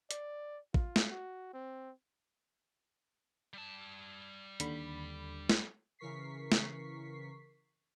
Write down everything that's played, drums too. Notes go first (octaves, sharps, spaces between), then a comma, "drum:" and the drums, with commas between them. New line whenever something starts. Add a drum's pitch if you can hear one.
D5, drum: hi-hat
F4, drum: kick
drum: snare
F#4
C4
G3 A5
D#2 D3 B5, drum: hi-hat
drum: snare
C#3 E3 A#4 C#6 B6 C7
drum: snare